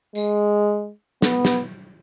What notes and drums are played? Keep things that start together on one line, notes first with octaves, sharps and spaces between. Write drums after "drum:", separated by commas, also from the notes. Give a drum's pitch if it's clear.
G#3, drum: tambourine
B3, drum: snare
drum: snare